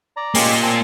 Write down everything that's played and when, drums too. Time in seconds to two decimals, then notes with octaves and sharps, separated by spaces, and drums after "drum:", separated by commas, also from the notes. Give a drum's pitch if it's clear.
0.17 D5 A#5
0.35 G#3 A#3 C#4 F4 G4, drum: open hi-hat
0.63 C4 G#5 A5